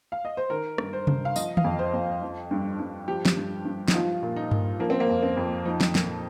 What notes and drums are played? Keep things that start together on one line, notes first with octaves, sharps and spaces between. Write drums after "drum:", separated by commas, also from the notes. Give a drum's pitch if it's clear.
F5
D#5
C5
D#3 A#4
G2, drum: rim click
C5
G2, drum: tom C3
F5
F3 D#5, drum: tambourine
F5, drum: tom D#3
F2
C5
F2
F3
G2
G2
F3 G4
drum: snare
G2
G2
D#4, drum: snare
F3 F4
A#2
D#4
A#2, drum: tom G2
F3 A#3
C4
A#3
F2
C4
F2
F3 D#4
drum: snare
A#2, drum: snare